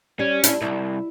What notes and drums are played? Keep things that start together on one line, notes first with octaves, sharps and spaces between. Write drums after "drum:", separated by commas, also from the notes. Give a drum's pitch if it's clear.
G3 C#4
D4 E4, drum: hi-hat
C2 E4